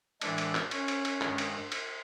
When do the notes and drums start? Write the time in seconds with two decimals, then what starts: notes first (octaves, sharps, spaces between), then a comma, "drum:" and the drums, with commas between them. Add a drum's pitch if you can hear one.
0.21 A2 E3 G#3 D4 D5, drum: cymbal
0.38 drum: cymbal
0.55 drum: clap
0.71 C#4 C#5, drum: cymbal
0.88 drum: cymbal
1.05 drum: cymbal
1.22 G2 D#3 G#3, drum: clap
1.38 drum: cymbal
1.72 drum: cymbal